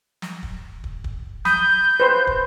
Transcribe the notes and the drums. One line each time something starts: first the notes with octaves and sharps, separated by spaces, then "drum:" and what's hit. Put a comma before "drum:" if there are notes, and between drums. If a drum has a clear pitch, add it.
drum: snare
drum: kick
drum: kick
drum: kick
B5 D#6 G6, drum: snare
B4 C5 C6
drum: kick